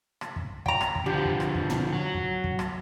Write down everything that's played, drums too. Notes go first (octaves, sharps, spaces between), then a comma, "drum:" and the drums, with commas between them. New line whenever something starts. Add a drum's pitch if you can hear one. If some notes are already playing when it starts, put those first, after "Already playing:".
drum: rim click
drum: kick
G5 A#5, drum: kick
drum: rim click
drum: kick
D3 F3 G4
drum: kick
drum: rim click
drum: kick
drum: tom
F#3
drum: kick
drum: kick
drum: rim click